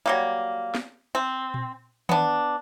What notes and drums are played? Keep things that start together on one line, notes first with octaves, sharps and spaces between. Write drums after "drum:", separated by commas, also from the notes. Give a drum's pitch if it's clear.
F#3 G3 A#3
drum: snare
C4
drum: tom A#2
B3 D4, drum: tom D#3